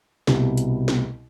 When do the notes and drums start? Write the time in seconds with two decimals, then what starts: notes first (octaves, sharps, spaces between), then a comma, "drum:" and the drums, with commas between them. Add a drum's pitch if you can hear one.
0.27 C2 B2 G3, drum: snare
0.57 drum: hi-hat
0.88 drum: snare